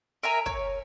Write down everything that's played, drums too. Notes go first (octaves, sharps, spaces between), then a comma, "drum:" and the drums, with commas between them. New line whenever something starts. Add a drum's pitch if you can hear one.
A#4 E5 G#5 A#5
C#5, drum: kick